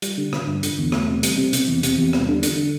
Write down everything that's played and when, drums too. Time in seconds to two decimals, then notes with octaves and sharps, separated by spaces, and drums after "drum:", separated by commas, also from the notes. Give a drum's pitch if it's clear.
0.02 G3, drum: hi-hat
0.18 D3
0.33 D3, drum: rim click
0.47 G2
0.63 D3, drum: hi-hat
0.78 E2
0.92 A3, drum: rim click
1.08 C3
1.23 G3, drum: hi-hat
1.38 C3
1.53 C3, drum: hi-hat
1.68 E2
1.83 C3, drum: hi-hat
1.98 E2
2.13 G3, drum: rim click
2.28 D3
2.43 D3, drum: hi-hat